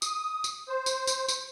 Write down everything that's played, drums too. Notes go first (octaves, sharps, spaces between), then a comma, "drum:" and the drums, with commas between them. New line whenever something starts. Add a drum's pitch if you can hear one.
D#6, drum: tambourine
drum: tambourine
C5
drum: tambourine
drum: tambourine
drum: tambourine